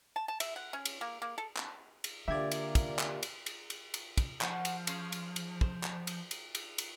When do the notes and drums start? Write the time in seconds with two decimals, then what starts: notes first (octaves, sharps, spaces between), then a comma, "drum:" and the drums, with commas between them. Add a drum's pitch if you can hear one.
0.16 A5
0.28 A5
0.40 E5, drum: cymbal
0.56 F#5
0.73 C#4
0.85 drum: cymbal
1.01 A#3
1.22 A#3
1.38 A4
1.57 drum: clap
2.04 drum: cymbal
2.28 A#2 D3 A#3 F4 G4 D5 E5 G#6
2.51 drum: cymbal
2.75 drum: kick, cymbal
2.99 drum: clap
3.23 drum: cymbal
3.46 drum: cymbal
3.70 drum: cymbal
3.94 drum: cymbal
4.18 drum: kick, cymbal
4.41 F3 F#4 C5 F#5, drum: clap
4.65 drum: cymbal
4.87 C#4 F5 C6, drum: cymbal
5.12 drum: cymbal
5.36 drum: cymbal
5.61 C5, drum: kick
5.84 drum: clap
6.07 drum: cymbal
6.31 drum: cymbal
6.55 drum: cymbal
6.78 drum: cymbal